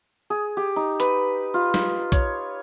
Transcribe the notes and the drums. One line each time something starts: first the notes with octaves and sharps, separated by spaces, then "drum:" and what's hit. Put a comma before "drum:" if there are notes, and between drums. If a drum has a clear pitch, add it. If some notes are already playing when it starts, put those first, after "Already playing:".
G#4
G4
D#4
B4, drum: hi-hat
F4
drum: snare
C#5, drum: kick, hi-hat